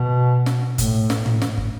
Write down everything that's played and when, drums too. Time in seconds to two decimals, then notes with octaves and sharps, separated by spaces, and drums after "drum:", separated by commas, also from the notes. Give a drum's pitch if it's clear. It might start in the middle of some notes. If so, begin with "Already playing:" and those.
Already playing: B2
0.46 drum: snare
0.78 A2, drum: kick, hi-hat
1.10 drum: snare
1.26 drum: tom
1.42 drum: snare
1.57 drum: kick